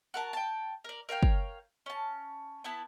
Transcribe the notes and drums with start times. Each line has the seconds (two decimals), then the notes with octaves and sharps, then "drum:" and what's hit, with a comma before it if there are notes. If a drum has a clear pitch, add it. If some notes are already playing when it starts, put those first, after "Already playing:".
0.14 F#4 A#4 A5
0.33 G5 A5
0.85 A#4 D5
1.09 A#4 C#5 F5 G5
1.23 drum: kick
1.86 C#4 A5
2.64 B3 E4 A5